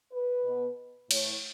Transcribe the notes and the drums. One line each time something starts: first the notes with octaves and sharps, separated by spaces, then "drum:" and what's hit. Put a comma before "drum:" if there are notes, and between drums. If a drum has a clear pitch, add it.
B4
B2
A2 E3 C#5, drum: cymbal